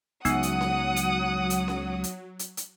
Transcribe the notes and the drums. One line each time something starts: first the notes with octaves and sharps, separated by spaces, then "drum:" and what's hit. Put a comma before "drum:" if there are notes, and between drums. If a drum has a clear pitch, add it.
C#2 C#3 F#3 B3 D#4 F#5 D#6, drum: hi-hat
drum: hi-hat
drum: snare C#4
drum: hi-hat
drum: hi-hat
drum: snare C#4
drum: hi-hat
drum: hi-hat
drum: hi-hat